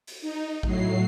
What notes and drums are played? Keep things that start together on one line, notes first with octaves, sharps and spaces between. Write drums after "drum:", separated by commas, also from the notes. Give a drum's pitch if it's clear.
drum: open hi-hat
D#4
A2 F#3 C7, drum: kick A1